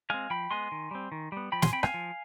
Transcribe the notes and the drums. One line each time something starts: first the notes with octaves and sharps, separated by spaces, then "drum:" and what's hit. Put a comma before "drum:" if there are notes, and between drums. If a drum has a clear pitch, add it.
G#3 C4 F5 G#5
F3 G5 B5
G#3 B3 G#5 C6
D#3
G3 C4
D#3
G3 B3
F3 G5 B5
G#5 C6, drum: snare
C4 G5 B5
F5 G#5, drum: rim click
F3